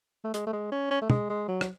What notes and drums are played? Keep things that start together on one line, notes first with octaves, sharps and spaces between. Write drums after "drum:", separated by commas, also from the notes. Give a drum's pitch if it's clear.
A3
G#3, drum: hi-hat
A3
G#3
C#4
C#4
A3
G#3, drum: tom
G#3
F#3
drum: rim click